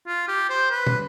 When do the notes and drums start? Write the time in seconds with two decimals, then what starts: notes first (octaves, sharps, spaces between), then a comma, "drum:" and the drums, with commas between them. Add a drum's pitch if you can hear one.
0.07 F4
0.28 G4
0.50 C5
0.71 B4
0.87 drum: tom